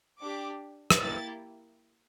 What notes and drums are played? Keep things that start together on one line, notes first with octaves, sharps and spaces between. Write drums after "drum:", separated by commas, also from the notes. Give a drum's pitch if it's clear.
D4 G4 D6
drum: rim click
A#3 E4 G4 A6